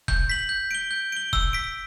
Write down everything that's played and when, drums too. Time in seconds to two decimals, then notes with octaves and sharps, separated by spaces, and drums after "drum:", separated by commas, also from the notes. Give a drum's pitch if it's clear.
0.08 G6, drum: kick E1
0.29 B6 F#7
0.49 G6
0.71 D7 G7
0.91 G6
1.12 D7 G7
1.33 E6, drum: kick E1
1.53 B6 D7